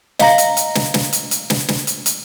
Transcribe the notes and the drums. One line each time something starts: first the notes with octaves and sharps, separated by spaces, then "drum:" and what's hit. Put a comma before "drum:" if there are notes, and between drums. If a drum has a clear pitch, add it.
D#5 F5 A#5 A#6, drum: snare
drum: hi-hat
drum: hi-hat
drum: snare
drum: snare
drum: hi-hat
drum: hi-hat
drum: snare
drum: snare
drum: hi-hat
drum: hi-hat